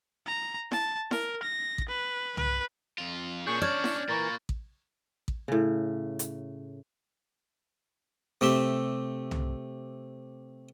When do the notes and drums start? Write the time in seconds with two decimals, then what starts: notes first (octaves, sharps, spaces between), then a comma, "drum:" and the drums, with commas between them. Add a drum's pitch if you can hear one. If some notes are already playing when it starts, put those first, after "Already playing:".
0.26 A#5
0.71 A5, drum: snare E4
1.11 A#4, drum: snare E4
1.43 A#6
1.78 drum: kick A1
1.89 B4
2.37 B4, drum: tom C2
2.98 F2 F4
3.47 A#2 C#4 D4 G#4 C#6 G6
3.62 C#5 D5 A5 F6 G#6 A6
3.84 drum: snare E4
4.09 A#2 E3 A#3 A#4 B5 C#6 A6
4.49 drum: kick A1
5.28 drum: kick A1
5.48 A2 C#3
6.19 drum: hi-hat
8.41 C3 A3 G4 E5
9.31 drum: tom C2